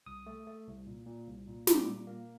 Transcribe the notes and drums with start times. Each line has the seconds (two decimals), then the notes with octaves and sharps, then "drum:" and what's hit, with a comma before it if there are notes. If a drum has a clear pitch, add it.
0.06 C2 D#6
0.26 A3
0.47 A3
0.67 C2
0.87 A#2
1.06 A#2
1.26 C2
1.47 A#2
1.67 G3 D6, drum: snare
1.87 A#2
2.07 A#3